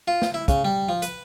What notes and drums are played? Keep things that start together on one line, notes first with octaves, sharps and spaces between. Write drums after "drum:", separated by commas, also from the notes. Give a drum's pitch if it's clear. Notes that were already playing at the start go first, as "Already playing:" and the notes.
F4
drum: snare
E4
C#3, drum: kick, hi-hat
G3
F3
B4, drum: hi-hat